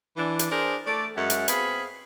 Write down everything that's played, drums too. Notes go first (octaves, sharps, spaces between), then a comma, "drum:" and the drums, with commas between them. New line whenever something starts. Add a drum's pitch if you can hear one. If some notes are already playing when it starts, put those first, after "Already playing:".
E3 D4
drum: hi-hat
D4 G#4 A#4 C5
A3 A4 D5
F#2 G#3 C#4 E5 F#5
drum: hi-hat
B3 C4 G#4 F5 B5, drum: hi-hat